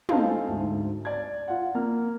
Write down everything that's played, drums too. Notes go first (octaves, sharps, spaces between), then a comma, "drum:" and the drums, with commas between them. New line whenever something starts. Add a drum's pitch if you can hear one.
A4 C5 D#5 F5 G#5, drum: tom
D2 G#2
D5 G#6
F4 F#5
A#3 F6